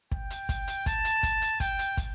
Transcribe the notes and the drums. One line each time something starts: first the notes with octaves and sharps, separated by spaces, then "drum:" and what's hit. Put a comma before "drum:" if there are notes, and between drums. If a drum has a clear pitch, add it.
G5, drum: kick
drum: hi-hat
drum: kick, hi-hat
drum: hi-hat
A5, drum: kick, hi-hat
drum: hi-hat
drum: kick, hi-hat
drum: hi-hat
G5, drum: kick, hi-hat
drum: hi-hat
drum: kick, hi-hat